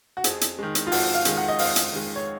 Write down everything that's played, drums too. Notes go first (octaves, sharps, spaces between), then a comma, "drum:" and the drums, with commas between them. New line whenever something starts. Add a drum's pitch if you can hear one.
F#4
F2 G#4, drum: hi-hat
drum: hi-hat
D#3 G#3
drum: hi-hat
F4
F2 F#4, drum: open hi-hat
F5
D#3 G#3, drum: hi-hat
F#5
D#5
F2 F5, drum: open hi-hat
drum: hi-hat
D#3 G#3
C#5